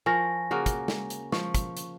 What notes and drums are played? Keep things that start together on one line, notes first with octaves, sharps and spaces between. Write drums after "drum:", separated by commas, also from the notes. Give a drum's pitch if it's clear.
F3 A#4 G#5 C#6 A#6
C#3 A#3 F#4
drum: kick, hi-hat
drum: snare
drum: hi-hat
F3 C#6, drum: snare
drum: kick, hi-hat
drum: hi-hat